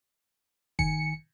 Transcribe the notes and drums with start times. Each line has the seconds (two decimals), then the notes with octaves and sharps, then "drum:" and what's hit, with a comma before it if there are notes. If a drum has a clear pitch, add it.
0.79 D#3 G#5 C#7, drum: kick